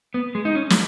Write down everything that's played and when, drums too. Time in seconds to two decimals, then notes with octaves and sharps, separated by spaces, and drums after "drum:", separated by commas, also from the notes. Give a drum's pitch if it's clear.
0.14 B3
0.35 G#3
0.45 D#4
0.55 C#4
0.70 drum: snare